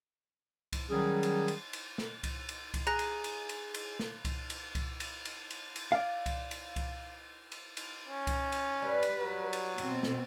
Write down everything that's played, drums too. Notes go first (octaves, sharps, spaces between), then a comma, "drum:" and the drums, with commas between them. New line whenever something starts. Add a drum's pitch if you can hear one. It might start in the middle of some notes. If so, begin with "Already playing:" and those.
drum: kick C2, cymbal
D#3 F#3 G3 C#4 G#4
drum: cymbal
drum: cymbal
drum: cymbal
drum: snare
drum: kick C2, cymbal
drum: cymbal
drum: kick C2, cymbal
G#4 A#5 F#6 A#6
drum: cymbal
drum: cymbal
drum: cymbal
drum: cymbal
drum: snare
drum: kick C2, cymbal
drum: cymbal
drum: kick C2, cymbal
drum: cymbal
drum: cymbal
drum: cymbal
drum: cymbal
D5 F5
drum: kick C2, cymbal
drum: cymbal
drum: kick C2, cymbal
drum: cymbal
drum: cymbal
C#4
drum: kick C2, cymbal
drum: cymbal
G3 B4
drum: cymbal
F#3
drum: cymbal
B2 C4, drum: cymbal
drum: snare